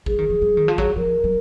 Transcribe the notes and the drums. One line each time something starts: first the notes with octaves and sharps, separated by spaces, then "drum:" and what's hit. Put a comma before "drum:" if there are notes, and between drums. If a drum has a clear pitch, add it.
F#3 G#4, drum: kick G#1
D#3
F3
F#3
D#3
F3
F#3 G#4, drum: kick G#1
F3 A#4
F#3